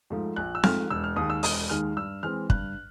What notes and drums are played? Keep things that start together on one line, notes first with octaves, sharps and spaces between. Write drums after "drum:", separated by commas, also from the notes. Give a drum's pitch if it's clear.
G#2 F3 A3
A#1 F#6
E6
G#2 F3 A3 F6, drum: snare C4
E1 E6
F6
D#2 D#3 G#3 D#6
E6
E1 D#6, drum: open hi-hat
D#2 D#3 G#3 F6
G2 E6
E3 G#3 C4 F6
G2 F#6, drum: kick